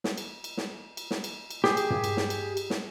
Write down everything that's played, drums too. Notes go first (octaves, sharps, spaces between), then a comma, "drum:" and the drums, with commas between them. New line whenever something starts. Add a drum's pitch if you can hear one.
drum: snare
drum: cymbal
drum: cymbal
drum: snare
drum: cymbal
drum: snare
drum: cymbal
drum: cymbal
G4 G#4, drum: snare
drum: cymbal
drum: tom
drum: cymbal
drum: snare
drum: cymbal
drum: cymbal
drum: snare